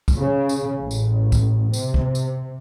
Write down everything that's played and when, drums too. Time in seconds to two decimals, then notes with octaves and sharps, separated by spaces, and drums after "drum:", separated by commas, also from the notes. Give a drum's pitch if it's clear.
0.08 drum: kick, tambourine
0.17 C#3
0.49 drum: tambourine
0.79 A1
0.91 drum: tambourine
1.32 drum: kick, tambourine
1.74 C3, drum: tambourine
1.94 drum: kick
2.15 drum: tambourine